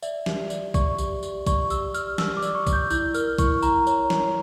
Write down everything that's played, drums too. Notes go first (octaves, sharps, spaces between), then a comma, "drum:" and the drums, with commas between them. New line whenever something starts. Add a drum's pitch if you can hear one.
D5 E5, drum: tambourine
G4, drum: snare
D5, drum: tambourine
D5 C#6, drum: kick A#1, tambourine
G4, drum: tambourine
G4, drum: tambourine
D5 C#6, drum: kick A#1, tambourine
G4 E6, drum: tambourine
G4 F6, drum: tambourine
G4 E6, drum: snare
D6
D5, drum: tambourine
C#6
D5, drum: kick A#1, tambourine
G6
E4 G6, drum: tambourine
A#4 F6, drum: tambourine
E4 C#6, drum: kick A#1, tambourine
E4 A#5, drum: tambourine
C#5, drum: tambourine
C#5, drum: snare